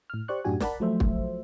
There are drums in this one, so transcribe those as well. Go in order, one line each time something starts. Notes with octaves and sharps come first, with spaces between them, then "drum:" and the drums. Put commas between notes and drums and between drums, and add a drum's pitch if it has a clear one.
A2 F6
G4 C5 D5 C#6 F#6
F#2 A2 D4 F#4 G4 G#5
A#4 D5 F#5 A5 B5, drum: snare
F3 F#3 A3 C5 E5
drum: kick